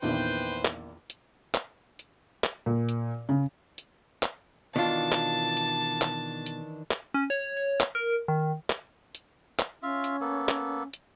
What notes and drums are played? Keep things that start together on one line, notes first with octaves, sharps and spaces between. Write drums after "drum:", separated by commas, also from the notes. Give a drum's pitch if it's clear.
A#1 E2 D#3 B4 C5 G5
drum: clap
drum: hi-hat
drum: clap
drum: hi-hat
drum: clap
A#2
drum: hi-hat
C#3
drum: hi-hat
drum: clap
B2 D#3 E3 D4 F4 A5
drum: clap
drum: hi-hat
drum: clap
drum: hi-hat
drum: clap
C#4
C#5
C#5
drum: clap
A#4
D#3
drum: clap
drum: hi-hat
drum: clap
C#4 F4 E5
drum: hi-hat
A#3 B3 A4
drum: clap
drum: hi-hat